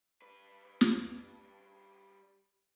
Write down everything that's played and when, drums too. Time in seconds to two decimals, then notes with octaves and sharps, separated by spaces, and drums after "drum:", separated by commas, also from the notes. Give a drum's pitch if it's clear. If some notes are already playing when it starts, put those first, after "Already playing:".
0.22 G3 B4
0.81 drum: snare